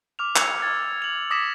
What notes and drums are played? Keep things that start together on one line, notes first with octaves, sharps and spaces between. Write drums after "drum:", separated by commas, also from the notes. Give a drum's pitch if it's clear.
D6 F6 F7
E6 G#6 C#7 F7, drum: clap
G#6 A6
F7 F#7
D6 D#6 A#6 B6 C#7 E7